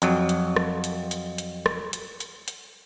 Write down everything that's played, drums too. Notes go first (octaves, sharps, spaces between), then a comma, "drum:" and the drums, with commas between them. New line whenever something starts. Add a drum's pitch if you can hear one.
F2 F#3, drum: hi-hat
drum: hi-hat
drum: rim click
drum: hi-hat
drum: hi-hat
drum: hi-hat
drum: rim click
drum: hi-hat
drum: hi-hat
drum: hi-hat